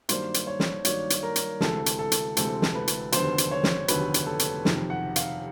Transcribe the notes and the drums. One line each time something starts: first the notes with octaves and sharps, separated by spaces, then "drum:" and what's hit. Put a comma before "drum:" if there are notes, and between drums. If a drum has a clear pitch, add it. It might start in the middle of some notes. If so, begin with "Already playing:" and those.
G2 D#3 F#3 A#3 D4 C5, drum: hi-hat
drum: hi-hat
C#5
drum: snare
G2 D#3 F#3 A#3 D4 C#5, drum: hi-hat
drum: hi-hat
A#4
drum: hi-hat
D2 C3 E3 G#3 C4 A4, drum: snare
drum: hi-hat
A4
drum: hi-hat
D2 C3 E3 G#3 C4 A4, drum: hi-hat
drum: snare
B4
drum: hi-hat
F1 D#2 D3 F#3 B3 C5, drum: hi-hat
drum: hi-hat
C#5
drum: snare
F1 D#2 D3 F#3 B3 B4, drum: hi-hat
drum: hi-hat
A4
drum: hi-hat
F#1 F2 C3 D#3, drum: snare
F#5
F5, drum: hi-hat